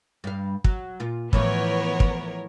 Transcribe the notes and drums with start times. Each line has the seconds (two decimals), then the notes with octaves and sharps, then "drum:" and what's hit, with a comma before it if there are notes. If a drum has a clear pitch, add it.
0.24 G2 F5
0.64 F#3, drum: kick
1.00 A#2 F4
1.33 A2 E3 F3 B3 A#4 C#5, drum: kick
2.00 drum: kick